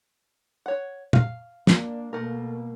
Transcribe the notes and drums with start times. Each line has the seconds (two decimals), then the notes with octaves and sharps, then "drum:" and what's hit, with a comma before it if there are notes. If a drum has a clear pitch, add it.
0.66 C#5 F#5
1.13 F5, drum: tom
1.67 A#3 D4, drum: snare
2.13 B2 A3 A#3 A#4